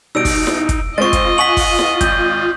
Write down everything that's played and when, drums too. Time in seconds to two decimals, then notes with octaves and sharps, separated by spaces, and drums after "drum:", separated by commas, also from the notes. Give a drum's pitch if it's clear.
0.15 B2 G3 D#4 E6 D7
0.25 drum: kick, open hi-hat
0.47 drum: snare E4
0.69 drum: kick, hi-hat
0.98 G#3 C4 F4 D#5 C#6 A6
1.13 drum: kick, hi-hat
1.38 F#5 G#5 C#6 B6 F#7
1.57 drum: kick, open hi-hat
1.79 drum: snare E4
2.01 G#1 G6, drum: kick, hi-hat